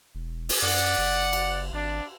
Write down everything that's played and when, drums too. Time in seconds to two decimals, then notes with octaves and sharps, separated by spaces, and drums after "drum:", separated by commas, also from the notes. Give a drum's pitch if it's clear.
0.15 E1
0.49 drum: open hi-hat
0.62 F#2 D5 F#5
0.98 F#1
1.33 drum: cymbal
1.73 G#1 D4